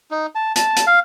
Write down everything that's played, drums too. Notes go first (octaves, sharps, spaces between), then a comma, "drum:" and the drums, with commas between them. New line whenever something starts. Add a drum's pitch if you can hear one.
D#4
A5
A5, drum: hi-hat
drum: hi-hat
F5